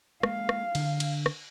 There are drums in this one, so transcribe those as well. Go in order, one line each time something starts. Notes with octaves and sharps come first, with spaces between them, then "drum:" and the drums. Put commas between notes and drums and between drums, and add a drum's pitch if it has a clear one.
G#3 A#3 F5, drum: rim click
drum: rim click
D3, drum: cymbal
drum: cymbal
drum: rim click